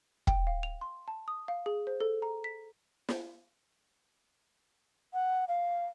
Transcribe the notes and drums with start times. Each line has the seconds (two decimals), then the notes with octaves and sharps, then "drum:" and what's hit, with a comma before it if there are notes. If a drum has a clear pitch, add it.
0.27 G5, drum: kick
0.47 F5
0.63 F7
0.81 C6
1.08 A5
1.28 D#6
1.48 F5
1.66 G#4
1.87 C5
2.00 A4
2.22 A#5
2.44 B6
3.09 drum: snare
5.14 F#5
5.48 F5